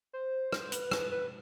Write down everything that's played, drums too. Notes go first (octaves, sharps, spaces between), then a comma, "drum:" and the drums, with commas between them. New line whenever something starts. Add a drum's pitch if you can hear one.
C5
drum: rim click
B4, drum: hi-hat
drum: rim click
B4